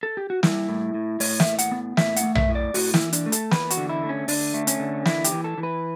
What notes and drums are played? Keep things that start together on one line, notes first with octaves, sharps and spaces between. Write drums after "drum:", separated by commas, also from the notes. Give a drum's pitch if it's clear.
A4
G4
F#4
G3 E4, drum: snare
A2
A2
A2 C#5, drum: open hi-hat
E5, drum: snare
A2
F#5, drum: hi-hat
B3
A2 E5, drum: snare
F#5, drum: hi-hat
A3
E5, drum: tom B1
A2
D5
A2 F#4, drum: open hi-hat
E4, drum: snare
E3
D4, drum: hi-hat
A3
A4, drum: hi-hat
E2 B4, drum: snare
F#4, drum: hi-hat
D3
E4
A3
C#4
D3 D4, drum: open hi-hat
A3
C#4, drum: hi-hat
D3
E3 E4, drum: snare
G4, drum: hi-hat
E3
A4
E3
B4